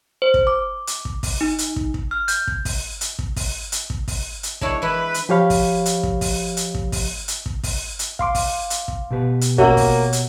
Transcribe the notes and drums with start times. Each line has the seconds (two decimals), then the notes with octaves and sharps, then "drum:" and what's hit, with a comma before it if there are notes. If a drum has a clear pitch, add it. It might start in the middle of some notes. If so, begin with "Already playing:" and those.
0.22 C5
0.34 drum: kick
0.47 D6
0.87 drum: hi-hat
1.05 drum: kick
1.23 drum: kick, open hi-hat
1.41 D#4
1.58 drum: hi-hat
1.76 drum: kick
1.94 drum: kick
2.11 F6
2.28 G6, drum: hi-hat
2.47 drum: kick
2.65 drum: kick, open hi-hat
3.01 drum: hi-hat
3.19 drum: kick
3.36 drum: kick, open hi-hat
3.72 drum: hi-hat
3.90 drum: kick
4.08 drum: kick, open hi-hat
4.43 drum: hi-hat
4.61 G#3 D4 E4 C#5, drum: kick
4.82 E3 E4 B4
5.14 drum: hi-hat
5.29 F3 G4 C#5 F5 B5
5.50 drum: kick, open hi-hat
5.86 drum: hi-hat
6.03 drum: kick
6.21 drum: kick, open hi-hat
6.57 drum: hi-hat
6.74 drum: kick
6.92 drum: kick, open hi-hat
7.28 drum: hi-hat
7.46 drum: kick
7.63 drum: kick, open hi-hat
7.99 drum: hi-hat
8.19 F5 C6 D6, drum: kick
8.35 drum: kick, open hi-hat
8.70 drum: hi-hat
8.88 drum: kick
9.10 B2 G4 B4
9.41 drum: hi-hat
9.58 A#3 F#4 C#5 E5, drum: kick
9.77 drum: kick, open hi-hat
10.13 drum: hi-hat